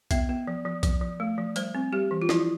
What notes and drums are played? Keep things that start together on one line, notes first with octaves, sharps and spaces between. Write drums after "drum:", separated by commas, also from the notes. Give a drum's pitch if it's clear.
B3 E5, drum: kick, hi-hat
B3
F3
F3
F3, drum: kick, hi-hat
F3
A3
F3
G3 C5, drum: hi-hat
C4
G3 G4
E3
F4
F3 E4, drum: snare